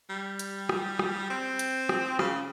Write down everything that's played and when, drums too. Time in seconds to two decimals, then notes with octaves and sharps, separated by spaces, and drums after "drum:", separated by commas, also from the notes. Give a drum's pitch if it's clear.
0.09 G3
0.39 drum: hi-hat
0.69 drum: rim click
0.99 drum: rim click
1.30 C4
1.59 drum: hi-hat
1.89 drum: rim click
2.19 C#3, drum: rim click